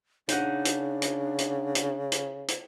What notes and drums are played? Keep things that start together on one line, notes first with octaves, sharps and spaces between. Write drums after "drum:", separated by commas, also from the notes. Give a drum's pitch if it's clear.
C#3 D4 D#4 F#5, drum: hi-hat
drum: hi-hat
drum: hi-hat
drum: hi-hat
drum: hi-hat
drum: hi-hat
drum: hi-hat